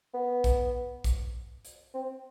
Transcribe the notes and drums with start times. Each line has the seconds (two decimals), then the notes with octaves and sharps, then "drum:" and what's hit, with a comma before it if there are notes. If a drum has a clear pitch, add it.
0.14 B3
0.44 drum: kick A#1, hi-hat
1.04 drum: kick A#1, hi-hat
1.65 drum: hi-hat
1.94 C4